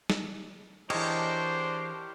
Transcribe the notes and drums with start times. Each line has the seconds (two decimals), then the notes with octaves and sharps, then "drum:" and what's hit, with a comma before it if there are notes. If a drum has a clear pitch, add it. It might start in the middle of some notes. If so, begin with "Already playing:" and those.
0.10 drum: snare
0.90 E3 D4 G4 G#4 A#4 C5 C#5 D#5, drum: cymbal